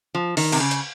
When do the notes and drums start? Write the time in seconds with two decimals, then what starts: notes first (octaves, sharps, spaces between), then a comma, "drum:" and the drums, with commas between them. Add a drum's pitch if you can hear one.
0.15 F3
0.37 D#3, drum: open hi-hat
0.52 C3, drum: cymbal
0.60 C#3
0.71 drum: hi-hat